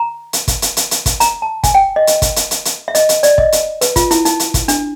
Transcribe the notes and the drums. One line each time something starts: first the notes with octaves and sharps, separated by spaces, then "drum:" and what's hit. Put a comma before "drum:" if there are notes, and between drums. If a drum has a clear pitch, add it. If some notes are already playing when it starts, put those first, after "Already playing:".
Already playing: A#5
drum: hi-hat
drum: kick, hi-hat
drum: hi-hat
drum: hi-hat
drum: hi-hat
drum: kick, hi-hat
A#5, drum: hi-hat
A5
G#5, drum: kick, hi-hat
G5
D#5
drum: hi-hat
drum: kick, hi-hat
drum: hi-hat
drum: hi-hat
drum: hi-hat
E5
D#5, drum: hi-hat
drum: hi-hat
D5, drum: hi-hat
D#5, drum: kick
drum: hi-hat
B4, drum: hi-hat
F4, drum: kick, hi-hat
E4, drum: hi-hat
D#4, drum: hi-hat
drum: hi-hat
drum: kick, hi-hat
D4, drum: hi-hat